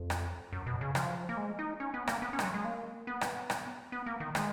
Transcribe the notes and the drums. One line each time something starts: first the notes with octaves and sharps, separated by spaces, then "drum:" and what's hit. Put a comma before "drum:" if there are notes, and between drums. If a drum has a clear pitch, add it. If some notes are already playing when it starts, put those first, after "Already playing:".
Already playing: F2
drum: rim click
F#2
B2
C#3
F3, drum: rim click
A#3
G#3
D#4
C#4
B3
A#3, drum: rim click
B3
C#4
G#3, drum: rim click
F#3
G#3
A#3
B3
drum: rim click
drum: rim click
B3
A#3
D#3
G#3, drum: rim click